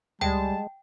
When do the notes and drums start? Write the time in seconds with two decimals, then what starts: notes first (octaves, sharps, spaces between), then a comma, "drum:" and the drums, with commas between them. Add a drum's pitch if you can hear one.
0.21 G3 G#3 G5 A5, drum: tom C#2